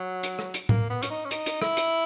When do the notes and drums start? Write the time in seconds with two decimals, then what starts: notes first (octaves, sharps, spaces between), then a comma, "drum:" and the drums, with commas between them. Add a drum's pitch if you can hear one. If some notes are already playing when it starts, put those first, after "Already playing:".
Already playing: F#3
0.23 drum: hi-hat
0.39 drum: rim click
0.54 drum: hi-hat
0.69 A#3, drum: tom A2
0.90 B3
1.03 C#4, drum: hi-hat
1.10 D#4
1.25 C#4
1.31 D#4, drum: hi-hat
1.46 drum: hi-hat
1.62 E4, drum: rim click
1.77 drum: hi-hat